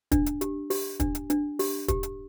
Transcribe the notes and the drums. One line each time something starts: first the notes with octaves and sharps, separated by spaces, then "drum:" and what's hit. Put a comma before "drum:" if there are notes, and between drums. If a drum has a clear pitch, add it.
D4, drum: kick, hi-hat
drum: hi-hat
G4, drum: hi-hat
G4, drum: open hi-hat
D4, drum: kick, hi-hat
drum: hi-hat
D4, drum: hi-hat
G4, drum: open hi-hat
G4, drum: kick, hi-hat
drum: hi-hat